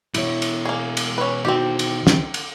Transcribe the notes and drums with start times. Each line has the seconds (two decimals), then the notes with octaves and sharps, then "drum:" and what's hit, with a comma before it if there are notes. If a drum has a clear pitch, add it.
0.14 B2 E3 E4 C#5, drum: cymbal
0.42 drum: cymbal
0.65 A#3 G#4
0.97 drum: cymbal
1.18 C#4 B4
1.45 D#3 C4 F#4 G4
1.79 drum: cymbal
2.07 drum: snare
2.34 drum: cymbal